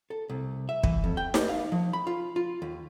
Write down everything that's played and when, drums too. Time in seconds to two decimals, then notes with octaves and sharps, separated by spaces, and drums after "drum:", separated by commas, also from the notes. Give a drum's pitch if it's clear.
0.10 A4
0.29 C2
0.69 E5
0.84 E3, drum: kick
1.04 F2
1.17 G5
1.34 drum: snare D#4
1.49 F5
1.72 F3
1.93 B5
2.07 F4
2.36 F4
2.62 D#2